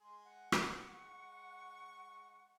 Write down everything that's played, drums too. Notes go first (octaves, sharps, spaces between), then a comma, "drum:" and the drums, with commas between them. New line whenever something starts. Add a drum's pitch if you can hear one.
G#3 G#4 C6
F#5
drum: rim click
G#3 C#6